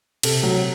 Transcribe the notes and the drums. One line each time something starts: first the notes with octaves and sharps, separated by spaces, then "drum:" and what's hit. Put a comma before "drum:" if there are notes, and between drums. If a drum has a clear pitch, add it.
C3 A4, drum: cymbal
F#3